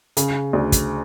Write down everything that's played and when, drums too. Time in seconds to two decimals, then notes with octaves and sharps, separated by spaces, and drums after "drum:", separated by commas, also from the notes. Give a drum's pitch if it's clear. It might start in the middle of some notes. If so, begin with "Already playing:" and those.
0.17 C#3, drum: hi-hat
0.53 D2
0.72 drum: kick, hi-hat